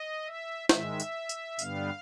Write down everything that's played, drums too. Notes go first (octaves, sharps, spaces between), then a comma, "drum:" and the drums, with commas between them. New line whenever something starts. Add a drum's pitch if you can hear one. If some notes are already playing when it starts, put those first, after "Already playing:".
Already playing: D#5
E5
G#2 D#3 G#3 E5, drum: snare
drum: tambourine
drum: tambourine
G2 D3 G3 B3 F5, drum: tambourine